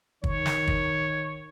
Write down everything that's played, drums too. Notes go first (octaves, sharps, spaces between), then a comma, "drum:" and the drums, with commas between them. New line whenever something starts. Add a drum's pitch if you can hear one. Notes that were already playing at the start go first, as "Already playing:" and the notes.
D#3 C#5, drum: kick
drum: snare
drum: kick